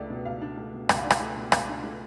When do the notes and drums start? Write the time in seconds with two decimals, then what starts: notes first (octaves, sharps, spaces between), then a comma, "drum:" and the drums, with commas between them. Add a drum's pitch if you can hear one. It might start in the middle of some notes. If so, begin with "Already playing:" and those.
Already playing: C#2 A3 D4 D5
0.10 B2
0.25 C#2 F5
0.41 D4
0.57 A3
0.74 B2
0.89 C#2 F#5, drum: rim click
0.97 F5
1.04 D4 D5
1.11 F5, drum: rim click
1.20 A3
1.37 B2
1.52 C#2 F5, drum: rim click
1.69 D4
1.84 A3